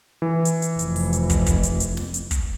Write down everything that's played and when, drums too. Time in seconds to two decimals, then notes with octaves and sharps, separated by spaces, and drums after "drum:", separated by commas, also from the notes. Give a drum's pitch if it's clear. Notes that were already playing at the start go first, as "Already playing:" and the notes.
0.22 E3
0.45 drum: hi-hat
0.62 drum: hi-hat
0.79 F1, drum: hi-hat
0.96 drum: open hi-hat
1.13 drum: hi-hat
1.30 drum: kick, hi-hat
1.46 drum: kick, hi-hat
1.63 drum: hi-hat
1.80 drum: hi-hat
1.97 drum: snare
2.14 drum: hi-hat
2.31 drum: kick, hi-hat